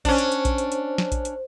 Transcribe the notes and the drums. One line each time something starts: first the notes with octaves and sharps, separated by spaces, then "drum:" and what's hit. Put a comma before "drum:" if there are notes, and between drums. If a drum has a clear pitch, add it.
C#4 D4 C5, drum: kick A#1, hi-hat
drum: hi-hat
drum: hi-hat
drum: kick A#1, hi-hat
drum: hi-hat
drum: hi-hat
drum: snare
drum: kick A#1, hi-hat
drum: hi-hat